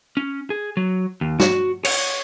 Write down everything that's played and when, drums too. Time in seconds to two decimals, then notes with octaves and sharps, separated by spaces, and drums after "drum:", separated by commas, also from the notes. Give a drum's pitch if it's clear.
0.17 C#4
0.50 G#4
0.77 F#3
1.21 D#2
1.40 F#4, drum: snare
1.85 C#5, drum: cymbal